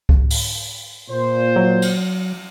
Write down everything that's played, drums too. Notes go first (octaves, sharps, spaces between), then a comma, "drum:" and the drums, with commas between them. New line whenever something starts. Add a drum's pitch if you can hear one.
drum: kick C#2
drum: open hi-hat
A#2 C5
F#3
drum: cymbal